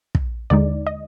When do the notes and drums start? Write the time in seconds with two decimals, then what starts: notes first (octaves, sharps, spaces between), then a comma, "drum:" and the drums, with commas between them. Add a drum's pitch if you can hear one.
0.15 drum: kick
0.50 D#2 D3 G#3 D#4 D5
0.87 D#5